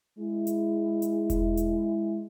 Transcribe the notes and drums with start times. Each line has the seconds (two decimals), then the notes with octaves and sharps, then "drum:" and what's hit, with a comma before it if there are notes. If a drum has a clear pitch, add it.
0.19 G#3 E4
0.47 drum: hi-hat
1.02 drum: hi-hat
1.30 drum: kick E1, hi-hat
1.57 drum: hi-hat